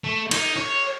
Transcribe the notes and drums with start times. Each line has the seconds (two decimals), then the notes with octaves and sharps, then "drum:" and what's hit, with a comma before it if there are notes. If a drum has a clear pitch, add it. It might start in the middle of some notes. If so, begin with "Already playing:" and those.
0.04 A3
0.31 D#4, drum: cymbal
0.56 C#5